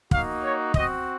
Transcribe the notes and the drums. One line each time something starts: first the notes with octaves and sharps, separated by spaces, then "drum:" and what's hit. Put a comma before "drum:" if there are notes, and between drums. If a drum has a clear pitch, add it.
A#3 D#4 F#4 F5, drum: kick
C#5
C4 D#5, drum: kick
F#4